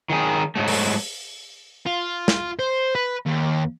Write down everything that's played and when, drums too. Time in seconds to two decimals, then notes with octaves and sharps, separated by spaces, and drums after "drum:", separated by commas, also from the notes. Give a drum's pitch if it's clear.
0.10 D#3 F#3 G#4
0.55 G#2 F#3 A3
0.68 drum: open hi-hat
1.86 F4
2.28 drum: snare
2.59 C5
2.95 B4
3.26 D#2